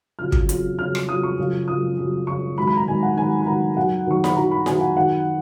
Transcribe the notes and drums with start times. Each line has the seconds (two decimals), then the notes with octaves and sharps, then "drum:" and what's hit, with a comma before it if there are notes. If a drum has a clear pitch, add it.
0.19 F2 C#3 F#3 F6
0.32 drum: kick
0.49 F2 C#3 F#3, drum: hi-hat
0.78 F2 C#3 F#3 F6
0.95 drum: rim click
1.08 F2 C#3 F#3 D#6
1.23 C#6
1.39 F#2 C#3 F3
1.68 F#2 C#3 F3 D#6
1.98 F#2 C#3 F3
2.27 F#2 C#3 F3 C#6
2.57 G#2 D#3 F#3 B5
2.67 B5
2.77 A#5
2.87 G#2 D#3 F#3 G#5
3.03 F#5
3.17 G#2 D#3 F#3 G#5
3.42 B5
3.47 G#2 D#3 F#3 A#5
3.77 F#2 D#3 F#3 F#5
4.06 F#2 D#3 F#3 C#6
4.24 B5, drum: snare E4
4.36 F#2 D#3 F#3 A#5
4.51 B5
4.66 F#2 D#3 F#3 G#5, drum: snare E4
4.81 F#5
4.96 F#2 D#3 F#3 F#5